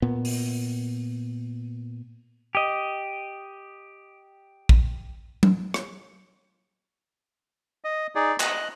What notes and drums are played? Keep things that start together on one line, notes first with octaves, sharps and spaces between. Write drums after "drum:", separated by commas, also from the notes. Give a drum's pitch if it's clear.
A#2 B3
drum: open hi-hat
G4 D#5
drum: kick A#1
drum: tom F#3
drum: rim click
D#5
D#4 G#4 D5
D#5 F#6, drum: clap